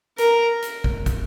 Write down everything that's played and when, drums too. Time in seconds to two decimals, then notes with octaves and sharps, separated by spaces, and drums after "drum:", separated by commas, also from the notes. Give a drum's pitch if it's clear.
0.18 A#4, drum: hi-hat
0.62 drum: hi-hat
0.84 drum: kick
1.06 drum: kick, hi-hat